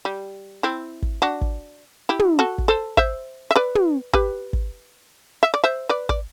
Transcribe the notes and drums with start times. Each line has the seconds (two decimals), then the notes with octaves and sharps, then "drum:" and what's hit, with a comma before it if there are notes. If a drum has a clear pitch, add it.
0.05 G3
0.63 C4 E4
1.03 drum: kick
1.22 D4 F#4
1.42 drum: kick
2.09 E4 G4
2.19 drum: tom
2.39 F#4 A4
2.58 drum: kick
2.68 A4 C5
2.97 C5 E5, drum: kick
3.51 E5
3.56 B4 D5
3.75 drum: tom
4.14 G4 B4, drum: kick
4.53 drum: kick
5.43 E5
5.54 D5
5.64 C5 E5
5.89 B4 D5
6.09 D5, drum: kick